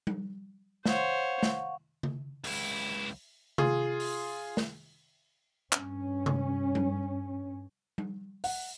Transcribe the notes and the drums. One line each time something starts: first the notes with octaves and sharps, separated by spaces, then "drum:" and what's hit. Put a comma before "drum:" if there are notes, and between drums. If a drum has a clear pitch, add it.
drum: tom G3
C5 C#5 F5 F#5 C#6, drum: snare
drum: snare
drum: tom C#3
C#2 E4, drum: open hi-hat
F4 G#4, drum: tom C3
drum: open hi-hat
drum: snare
G2 C#4, drum: clap
drum: tom C3
drum: tom G3
drum: tom G3
F#5, drum: open hi-hat